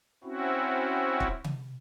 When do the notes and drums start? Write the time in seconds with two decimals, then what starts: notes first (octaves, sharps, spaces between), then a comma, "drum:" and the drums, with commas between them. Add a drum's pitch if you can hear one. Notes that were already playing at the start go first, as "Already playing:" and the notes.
0.24 C4 C#4 E4 F#4
1.20 drum: kick
1.44 drum: tom C3